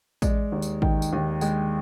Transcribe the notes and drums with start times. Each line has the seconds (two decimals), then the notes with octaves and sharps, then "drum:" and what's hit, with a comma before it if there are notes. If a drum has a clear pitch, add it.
0.22 G#3 D5, drum: kick A1, tambourine
0.52 D#2
0.62 drum: tambourine
0.82 D#3 G5, drum: kick A1
1.02 drum: tambourine
1.13 D#2
1.41 G#3 G5, drum: tambourine